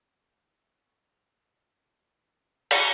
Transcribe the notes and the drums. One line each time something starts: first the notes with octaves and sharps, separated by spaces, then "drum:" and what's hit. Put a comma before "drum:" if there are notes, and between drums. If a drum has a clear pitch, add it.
A2 C4 C#4 F4 E6
D3 F#4 A4 C#6 F6
D#3 G#4 A4 D#5 D6
D#2 C4 D#4 A#5
drum: cymbal